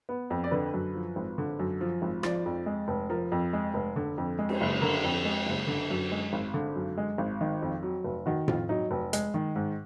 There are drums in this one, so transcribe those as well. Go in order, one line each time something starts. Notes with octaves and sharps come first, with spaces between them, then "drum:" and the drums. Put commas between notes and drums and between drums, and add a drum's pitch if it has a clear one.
B3
F2
D5
D3 B4
F#2
F3
G#1
D3
F#2
F3
G#1
F3 D5, drum: rim click
F2
G#3
F1
F3 A#4
F2
G#3
F1
D3
F2
G#3
drum: cymbal
F#1
D3 A#4
F2
G#3
F#1
D3
F#2
G#3
G#1
D3
F#2
G#3
G#1
D#3
F2
F#3
F1
D#3 F#4
F2 F4, drum: tom A2
F#3 D#4
F1
G#3, drum: hi-hat
D#3
G#2